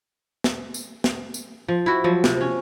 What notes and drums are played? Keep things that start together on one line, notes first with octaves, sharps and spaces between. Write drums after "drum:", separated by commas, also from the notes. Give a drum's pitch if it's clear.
drum: snare
drum: tambourine
drum: snare
drum: tambourine
F3
E4 F#4
F3 F#3
C3, drum: snare
C#4